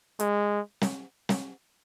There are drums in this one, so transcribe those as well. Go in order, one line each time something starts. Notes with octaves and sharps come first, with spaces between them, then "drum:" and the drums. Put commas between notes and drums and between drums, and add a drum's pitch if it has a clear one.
G#3, drum: hi-hat
drum: snare
drum: snare